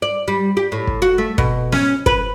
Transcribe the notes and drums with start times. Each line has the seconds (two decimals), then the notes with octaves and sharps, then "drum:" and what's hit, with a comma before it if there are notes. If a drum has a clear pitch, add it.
0.02 D5
0.28 G3
0.57 G4
0.72 A2
0.87 drum: kick
1.02 F#4
1.18 A3
1.38 B2, drum: kick
1.72 C#4, drum: snare
2.06 B4, drum: kick